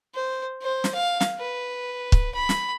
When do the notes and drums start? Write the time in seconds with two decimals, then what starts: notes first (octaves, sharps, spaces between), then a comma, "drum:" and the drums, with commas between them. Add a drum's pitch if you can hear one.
0.15 C5
0.62 C5
0.84 drum: snare
0.94 F5
1.21 drum: snare
1.39 B4
2.12 drum: kick C#1
2.34 B5
2.49 drum: snare